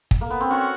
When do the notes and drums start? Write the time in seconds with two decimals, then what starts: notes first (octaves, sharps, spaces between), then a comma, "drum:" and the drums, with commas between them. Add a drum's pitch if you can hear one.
0.11 drum: kick
0.21 A#3
0.30 B3
0.41 C4
0.50 C#4 F#4